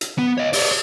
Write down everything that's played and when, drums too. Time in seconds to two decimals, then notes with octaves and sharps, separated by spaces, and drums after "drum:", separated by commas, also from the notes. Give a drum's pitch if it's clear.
0.01 drum: hi-hat
0.18 B3
0.38 C#5 D#5
0.53 C#5 D5, drum: open hi-hat